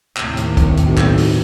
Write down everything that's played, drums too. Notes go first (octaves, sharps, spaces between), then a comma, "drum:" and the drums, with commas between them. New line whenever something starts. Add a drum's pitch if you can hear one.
D#2 A2 C3, drum: clap
drum: hi-hat
drum: kick, hi-hat
drum: hi-hat
B1
drum: clap
drum: open hi-hat